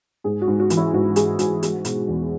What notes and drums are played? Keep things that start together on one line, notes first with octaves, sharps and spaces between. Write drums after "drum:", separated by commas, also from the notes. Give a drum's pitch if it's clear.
G#2 G#4
F#4
G#2
F#4
E3, drum: hi-hat
E4
G#2 F#4
G#3 G#4, drum: hi-hat
G#2 F#4, drum: hi-hat
G#3, drum: hi-hat
B2, drum: hi-hat
E2